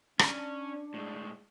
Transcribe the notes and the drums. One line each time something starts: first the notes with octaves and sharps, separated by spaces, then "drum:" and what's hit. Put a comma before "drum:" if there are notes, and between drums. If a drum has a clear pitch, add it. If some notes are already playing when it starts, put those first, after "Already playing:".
C#4 D4, drum: rim click
A2 G#3